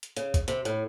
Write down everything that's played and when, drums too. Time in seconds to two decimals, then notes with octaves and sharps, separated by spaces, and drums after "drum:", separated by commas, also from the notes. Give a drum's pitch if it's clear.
0.03 drum: hi-hat
0.17 C#3, drum: hi-hat
0.34 drum: kick, hi-hat
0.48 C3, drum: hi-hat
0.65 A2, drum: hi-hat